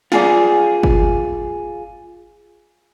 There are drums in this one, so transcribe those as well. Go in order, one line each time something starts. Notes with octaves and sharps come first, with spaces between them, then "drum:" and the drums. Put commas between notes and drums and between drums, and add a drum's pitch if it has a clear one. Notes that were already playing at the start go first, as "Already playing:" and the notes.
F4 G#4 D5, drum: snare
drum: kick G1